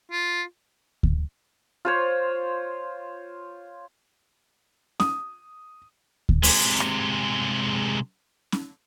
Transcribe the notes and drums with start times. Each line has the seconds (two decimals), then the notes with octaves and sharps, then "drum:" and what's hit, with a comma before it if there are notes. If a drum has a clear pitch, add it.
0.11 F4
1.03 drum: kick D2
1.85 F4 C5 C#5
5.00 D#6, drum: snare C#4
6.29 drum: kick D2
6.43 C3 G#3, drum: open hi-hat
6.80 drum: rim click
8.52 drum: snare C#4